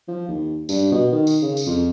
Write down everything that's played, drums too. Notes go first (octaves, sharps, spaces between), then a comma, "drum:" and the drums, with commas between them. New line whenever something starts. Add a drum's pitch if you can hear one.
F3
D#2
G2, drum: tambourine
B2
D#3
drum: tambourine
C#3
drum: tambourine
F2